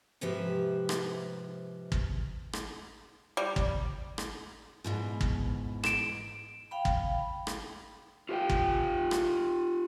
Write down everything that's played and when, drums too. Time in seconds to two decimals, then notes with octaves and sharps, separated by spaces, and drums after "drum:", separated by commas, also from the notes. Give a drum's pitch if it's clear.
0.21 G#2 C3 F3 G4 B4 E5
0.89 drum: rim click
1.92 drum: kick
2.53 drum: rim click
3.37 G3
3.56 drum: kick
4.18 drum: rim click
4.84 G#2 B2 E3
5.21 drum: kick
5.84 D7 E7, drum: rim click
6.71 F5 G5 B5
6.85 drum: kick
7.47 drum: rim click
8.29 F4 G4 A#4 E5 F5 G5
8.50 drum: kick
9.11 drum: rim click